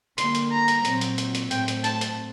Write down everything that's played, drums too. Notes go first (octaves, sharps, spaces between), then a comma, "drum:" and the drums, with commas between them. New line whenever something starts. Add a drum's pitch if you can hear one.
D3 G3 A#3 C6, drum: hi-hat
drum: hi-hat
A#5
drum: hi-hat
A#2 F#3 C4, drum: hi-hat
drum: hi-hat
drum: hi-hat
drum: hi-hat
A2 F#3 A3 C4 G5, drum: hi-hat
drum: hi-hat
A5, drum: hi-hat
drum: hi-hat